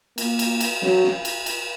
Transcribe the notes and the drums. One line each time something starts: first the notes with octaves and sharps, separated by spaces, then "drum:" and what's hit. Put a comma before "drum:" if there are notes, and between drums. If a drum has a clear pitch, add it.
A#3, drum: cymbal
drum: cymbal
drum: cymbal
F#3, drum: snare
drum: snare
drum: cymbal
drum: cymbal